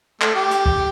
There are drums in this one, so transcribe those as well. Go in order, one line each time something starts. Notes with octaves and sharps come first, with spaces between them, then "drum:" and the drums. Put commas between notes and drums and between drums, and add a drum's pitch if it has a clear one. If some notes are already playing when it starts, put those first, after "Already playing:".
A3, drum: clap
G4
drum: hi-hat
drum: kick C#2